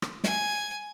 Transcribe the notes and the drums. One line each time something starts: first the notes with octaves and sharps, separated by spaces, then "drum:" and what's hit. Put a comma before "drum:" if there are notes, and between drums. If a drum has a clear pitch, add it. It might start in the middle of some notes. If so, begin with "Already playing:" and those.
drum: rim click
G#5, drum: snare